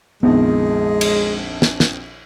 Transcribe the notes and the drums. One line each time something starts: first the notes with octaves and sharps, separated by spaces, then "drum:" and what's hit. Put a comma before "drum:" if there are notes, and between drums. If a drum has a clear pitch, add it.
A#1 F2 D#3 G#3 B3
drum: cymbal
drum: snare
drum: snare